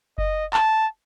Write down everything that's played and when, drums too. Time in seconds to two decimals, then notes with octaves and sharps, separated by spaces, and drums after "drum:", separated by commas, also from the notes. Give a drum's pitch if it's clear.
0.18 D#5, drum: kick F#1
0.53 A5, drum: clap